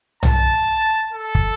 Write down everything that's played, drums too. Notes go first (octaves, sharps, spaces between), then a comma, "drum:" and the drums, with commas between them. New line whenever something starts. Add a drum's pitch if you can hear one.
A5, drum: tom B1
A4
drum: kick